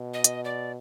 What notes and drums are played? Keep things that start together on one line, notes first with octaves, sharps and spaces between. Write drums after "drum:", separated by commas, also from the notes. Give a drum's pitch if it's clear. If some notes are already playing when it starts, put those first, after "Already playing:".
Already playing: B2
D#5
drum: hi-hat
D5